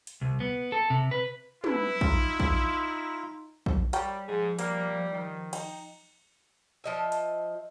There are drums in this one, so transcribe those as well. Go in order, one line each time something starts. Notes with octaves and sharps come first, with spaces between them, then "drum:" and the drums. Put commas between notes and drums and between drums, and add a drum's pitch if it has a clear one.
drum: hi-hat
C2
B3
A4
C3
B4
E4 B4, drum: tom
D#4 F4, drum: kick A#1
drum: kick A#1
drum: kick A#1
G3 A#4 C#5 G5, drum: hi-hat
G#2 F3 G#4
G3 A#3, drum: hi-hat
D#3
D#4 G5, drum: cymbal
F3 D#5 E5
drum: hi-hat